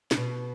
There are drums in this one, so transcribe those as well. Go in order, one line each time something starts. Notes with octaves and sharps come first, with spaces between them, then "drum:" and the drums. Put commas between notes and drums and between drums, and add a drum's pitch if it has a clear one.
C#3, drum: snare
B2